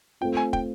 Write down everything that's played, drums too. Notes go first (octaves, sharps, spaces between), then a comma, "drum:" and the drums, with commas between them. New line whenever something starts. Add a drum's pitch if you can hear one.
A3 C4 F4 G5
G#5
G5, drum: kick